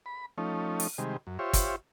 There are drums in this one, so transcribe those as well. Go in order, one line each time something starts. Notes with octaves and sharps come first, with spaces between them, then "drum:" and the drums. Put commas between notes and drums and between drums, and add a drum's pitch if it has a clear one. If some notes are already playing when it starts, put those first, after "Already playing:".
B5
F3 A3 C#4 D#4
drum: open hi-hat
C3 D#3 G3 G#3
F#2
F4 G4 C5 C#5 E5
drum: kick, hi-hat